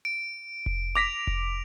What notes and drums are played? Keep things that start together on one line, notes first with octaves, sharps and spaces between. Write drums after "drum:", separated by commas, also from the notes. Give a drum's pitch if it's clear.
D7
drum: kick F1
D6 A#6 B6 F7
drum: kick F1